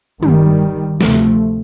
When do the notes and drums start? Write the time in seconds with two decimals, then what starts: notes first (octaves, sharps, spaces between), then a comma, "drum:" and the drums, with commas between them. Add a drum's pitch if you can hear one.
0.23 G1 G2 D#3 G3, drum: tom
1.01 D2 C3 F3 A3, drum: snare